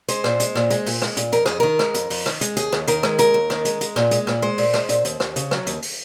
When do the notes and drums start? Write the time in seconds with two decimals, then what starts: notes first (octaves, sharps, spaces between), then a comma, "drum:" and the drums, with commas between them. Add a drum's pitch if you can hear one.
0.08 G#3 C5, drum: hi-hat
0.24 A#2, drum: rim click
0.40 G#3, drum: hi-hat
0.55 A#2, drum: rim click
0.70 G#3, drum: hi-hat
0.86 A#2, drum: open hi-hat
1.02 G#3, drum: rim click
1.17 A#2, drum: hi-hat
1.32 F2 A#4, drum: hi-hat
1.46 F2 G#4, drum: rim click
1.60 D#3 A#4
1.79 G#3, drum: rim click
1.94 F2, drum: hi-hat
2.10 F2, drum: open hi-hat
2.26 D#3, drum: rim click
2.41 G#3, drum: hi-hat
2.57 D#2 G#4, drum: hi-hat
2.72 D#2, drum: rim click
2.87 D#3 A#4, drum: hi-hat
3.03 G#3, drum: rim click
3.18 D#2 A#4, drum: hi-hat
3.34 D#2
3.50 D#3, drum: rim click
3.65 G#3, drum: hi-hat
3.81 G#3, drum: hi-hat
3.96 A#2, drum: rim click
4.11 G#3, drum: hi-hat
4.27 A#2, drum: rim click
4.42 G#3 C5
4.58 A#2, drum: open hi-hat
4.74 G#3, drum: rim click
4.89 A#2, drum: hi-hat
5.05 D#2, drum: hi-hat
5.20 D#2, drum: rim click
5.36 C#3, drum: hi-hat
5.51 F#3, drum: rim click
5.67 D#2, drum: hi-hat
5.82 drum: open hi-hat